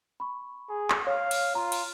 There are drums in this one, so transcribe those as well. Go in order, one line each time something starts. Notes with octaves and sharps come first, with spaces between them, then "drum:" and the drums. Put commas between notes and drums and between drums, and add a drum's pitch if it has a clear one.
B5 C#6
G#4
drum: clap
C#5 F5
drum: cymbal
F4 A#5
drum: cymbal